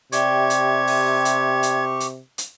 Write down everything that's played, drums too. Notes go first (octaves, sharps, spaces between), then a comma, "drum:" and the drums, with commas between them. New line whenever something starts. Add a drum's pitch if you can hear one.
C3 G4 D5 E5 G5 C#6 G#6, drum: hi-hat
drum: hi-hat
drum: open hi-hat
drum: hi-hat
drum: hi-hat
drum: hi-hat
drum: hi-hat